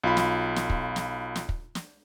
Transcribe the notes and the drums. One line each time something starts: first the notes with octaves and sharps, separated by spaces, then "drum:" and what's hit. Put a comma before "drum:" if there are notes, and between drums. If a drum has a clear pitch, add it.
B1 F4 B5
drum: snare
drum: snare
drum: kick
drum: snare
drum: snare
drum: kick
drum: snare